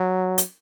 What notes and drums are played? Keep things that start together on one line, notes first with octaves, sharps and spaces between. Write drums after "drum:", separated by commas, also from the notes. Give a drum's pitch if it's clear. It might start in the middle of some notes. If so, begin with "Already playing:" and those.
Already playing: F#3
drum: hi-hat